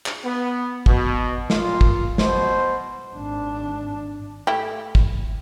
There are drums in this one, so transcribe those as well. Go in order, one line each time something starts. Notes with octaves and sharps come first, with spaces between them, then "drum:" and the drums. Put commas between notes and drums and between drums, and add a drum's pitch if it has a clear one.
drum: clap
B3
B2, drum: kick
A#2 F4, drum: snare
drum: kick
B2 C5, drum: snare
G#1 D4
A3 E4 G4
drum: kick